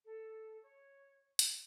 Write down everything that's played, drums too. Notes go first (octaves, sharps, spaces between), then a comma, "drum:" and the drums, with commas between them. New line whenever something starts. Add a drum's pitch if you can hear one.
A4
C#5
drum: hi-hat